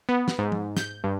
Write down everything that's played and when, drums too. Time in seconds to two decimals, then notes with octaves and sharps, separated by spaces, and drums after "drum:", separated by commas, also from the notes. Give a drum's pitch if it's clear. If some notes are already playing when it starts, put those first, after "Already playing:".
0.09 B3
0.28 drum: snare
0.39 G#2
0.52 drum: tom
0.77 G6, drum: snare
1.04 G2